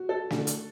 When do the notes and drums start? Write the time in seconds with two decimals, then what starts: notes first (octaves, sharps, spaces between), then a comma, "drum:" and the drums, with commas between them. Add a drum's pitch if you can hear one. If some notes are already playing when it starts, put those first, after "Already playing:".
Already playing: F#4
0.09 A4
0.30 D3, drum: snare
0.47 drum: hi-hat